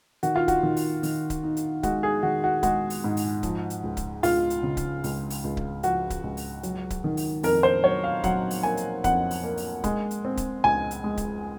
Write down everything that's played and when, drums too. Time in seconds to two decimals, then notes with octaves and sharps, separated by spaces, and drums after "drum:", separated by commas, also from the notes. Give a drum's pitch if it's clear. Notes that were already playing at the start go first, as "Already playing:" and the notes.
0.23 D#3 F#4, drum: hi-hat
0.36 F4
0.48 F#4, drum: kick C#1, hi-hat
0.63 D#3
0.77 drum: open hi-hat
1.03 D#3, drum: open hi-hat
1.30 drum: kick C#1, hi-hat
1.44 D#4
1.57 drum: hi-hat
1.83 G#3 F#4, drum: kick C#1, hi-hat
2.03 G#4
2.23 D#3 F#4
2.44 F#4
2.63 G#3 F#4, drum: kick C#1, hi-hat
2.90 drum: open hi-hat
3.04 G#2
3.17 drum: open hi-hat
3.43 F3, drum: kick C#1, hi-hat
3.70 drum: hi-hat
3.83 C#2
3.97 drum: kick C#1, hi-hat
4.23 C#2 F4, drum: open hi-hat
4.50 drum: hi-hat
4.63 C#3
4.77 drum: kick C#1, hi-hat
5.04 C#2, drum: open hi-hat
5.30 drum: open hi-hat
5.44 C#2
5.57 drum: kick C#1
5.83 F3 F#4, drum: hi-hat
6.10 drum: kick C#1, hi-hat
6.24 C#2
6.37 drum: open hi-hat
6.63 F#3, drum: hi-hat
6.90 drum: kick C#1, hi-hat
7.04 D#3
7.17 drum: open hi-hat
7.43 F2 A#4, drum: open hi-hat
7.63 C5
7.84 F#3 C#5
8.04 F5
8.24 F#3 F#5, drum: kick C#1, hi-hat
8.51 drum: open hi-hat
8.63 A#3 G#5
8.77 drum: hi-hat
9.04 F2 F#5, drum: kick C#1, hi-hat
9.31 drum: open hi-hat
9.44 A#3
9.57 drum: open hi-hat
9.84 G#3, drum: kick C#1, hi-hat
10.11 drum: hi-hat
10.25 C4
10.37 drum: kick C#1, hi-hat
10.64 C#2 G#5
10.91 drum: hi-hat
11.04 G#3
11.17 drum: kick C#1, hi-hat